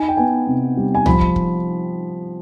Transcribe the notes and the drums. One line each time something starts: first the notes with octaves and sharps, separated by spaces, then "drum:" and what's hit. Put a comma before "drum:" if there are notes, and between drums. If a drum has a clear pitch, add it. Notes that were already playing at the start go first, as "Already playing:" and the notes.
Already playing: D#4 G#5
G5
B3 G#5
C3
G3
G#5
F3 B5, drum: tom
drum: kick
drum: kick